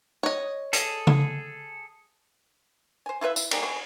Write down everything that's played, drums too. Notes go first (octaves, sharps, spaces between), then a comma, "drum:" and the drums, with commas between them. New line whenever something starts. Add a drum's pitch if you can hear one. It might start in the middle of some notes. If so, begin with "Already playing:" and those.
C#5 D#5
G#4 A4, drum: hi-hat
drum: tom
C5 G#5
E4 F4 B4 E5
E4, drum: tambourine
G3 A#3 D#4 G#4, drum: cymbal
B2 G#4 B5